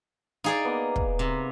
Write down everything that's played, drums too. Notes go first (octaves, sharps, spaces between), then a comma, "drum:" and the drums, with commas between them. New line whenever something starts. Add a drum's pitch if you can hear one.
D#4 G#4 D5 F5
A#3 B3
drum: kick
C3